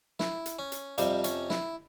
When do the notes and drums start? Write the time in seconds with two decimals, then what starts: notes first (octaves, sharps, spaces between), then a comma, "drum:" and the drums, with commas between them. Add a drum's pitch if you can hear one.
0.19 E4, drum: snare
0.46 drum: hi-hat
0.59 C#4
0.72 drum: hi-hat
0.98 F2 C3 F3 G3, drum: hi-hat
1.24 C#4, drum: hi-hat
1.50 E4, drum: snare